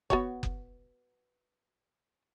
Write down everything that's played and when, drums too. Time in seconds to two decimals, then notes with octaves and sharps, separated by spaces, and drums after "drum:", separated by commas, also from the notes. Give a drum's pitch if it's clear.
0.10 B3 F#4 C#5, drum: kick F#1
0.43 drum: kick F#1